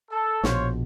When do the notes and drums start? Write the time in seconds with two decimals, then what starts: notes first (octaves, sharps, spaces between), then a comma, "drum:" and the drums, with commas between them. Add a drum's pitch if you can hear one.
0.11 A4
0.43 A#1 B2 F4 C5 C#5, drum: snare